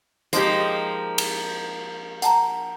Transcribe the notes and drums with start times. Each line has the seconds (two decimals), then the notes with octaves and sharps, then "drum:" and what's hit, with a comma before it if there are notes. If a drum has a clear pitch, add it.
0.33 F3 G#3 A#3 D#4 G4, drum: hi-hat
1.18 drum: cymbal
2.22 F#5 A5 A#5, drum: hi-hat